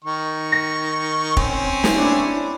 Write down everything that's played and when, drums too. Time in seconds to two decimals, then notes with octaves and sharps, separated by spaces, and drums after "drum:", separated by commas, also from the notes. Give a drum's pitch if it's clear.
0.05 D#3 C#6
0.52 A#6
1.37 C4 C#4, drum: kick
1.84 drum: snare
1.98 D4 E4